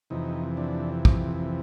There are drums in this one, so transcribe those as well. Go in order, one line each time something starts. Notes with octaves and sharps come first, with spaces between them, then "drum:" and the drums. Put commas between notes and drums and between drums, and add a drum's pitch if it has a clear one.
F2 C3 E3 D#4
D4
drum: kick